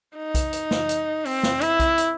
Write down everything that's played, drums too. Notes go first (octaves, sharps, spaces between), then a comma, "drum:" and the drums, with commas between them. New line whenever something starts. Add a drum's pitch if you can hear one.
D#4
drum: kick B1, hi-hat
drum: hi-hat
drum: snare
drum: hi-hat
C4, drum: open hi-hat
drum: snare
E4, drum: hi-hat
drum: kick B1, hi-hat
drum: hi-hat